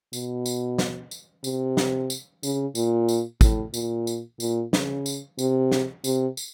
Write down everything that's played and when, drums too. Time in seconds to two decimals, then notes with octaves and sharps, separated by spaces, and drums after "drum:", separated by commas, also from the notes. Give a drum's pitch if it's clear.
0.13 B2, drum: tambourine
0.46 drum: tambourine
0.78 drum: snare
1.11 drum: tambourine
1.44 C3, drum: tambourine
1.77 drum: snare
2.10 drum: tambourine
2.43 C#3, drum: tambourine
2.75 A#2, drum: tambourine
3.09 drum: tambourine
3.41 A2, drum: kick, tambourine
3.74 A#2, drum: tambourine
4.07 drum: tambourine
4.40 A#2, drum: tambourine
4.73 C#3, drum: snare
5.06 drum: tambourine
5.39 C3, drum: tambourine
5.72 drum: snare
6.04 C3, drum: tambourine
6.37 drum: tambourine